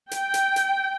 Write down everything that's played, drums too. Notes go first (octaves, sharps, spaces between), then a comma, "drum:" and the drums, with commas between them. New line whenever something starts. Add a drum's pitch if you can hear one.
G5, drum: hi-hat
drum: hi-hat
drum: hi-hat